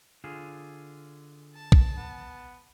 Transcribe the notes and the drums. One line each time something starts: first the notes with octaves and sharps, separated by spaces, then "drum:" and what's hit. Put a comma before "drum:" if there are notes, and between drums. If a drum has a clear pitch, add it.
D3 F4 G#4
A5
drum: kick
B3